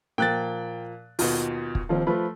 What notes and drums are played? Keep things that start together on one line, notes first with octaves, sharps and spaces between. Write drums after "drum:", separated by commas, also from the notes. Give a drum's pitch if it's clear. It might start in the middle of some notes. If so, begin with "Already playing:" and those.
A#2 F3 G5 F#6 A6
D#2 B2 F4, drum: open hi-hat
drum: kick
D#2 F3 C4
F3 A3 B4 B5